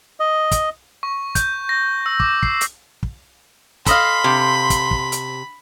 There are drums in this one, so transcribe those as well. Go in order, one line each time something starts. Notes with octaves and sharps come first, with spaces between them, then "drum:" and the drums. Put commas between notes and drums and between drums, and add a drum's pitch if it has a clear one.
D#5
drum: kick, hi-hat
C#6
G6, drum: kick, hi-hat
A#6
E6
D6, drum: kick
C7, drum: kick
drum: hi-hat
drum: kick
A4 D#5 F5 B5 C6, drum: kick, hi-hat
C3
drum: kick, hi-hat
drum: kick
drum: hi-hat